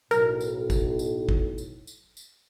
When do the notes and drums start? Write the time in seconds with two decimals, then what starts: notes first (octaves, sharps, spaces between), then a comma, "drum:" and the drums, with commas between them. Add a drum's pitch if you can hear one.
0.11 B1 A2 A#4, drum: tambourine
0.40 drum: tambourine
0.70 drum: kick, tambourine
0.99 drum: tambourine
1.29 drum: kick
1.58 drum: tambourine
1.87 drum: tambourine
2.17 drum: tambourine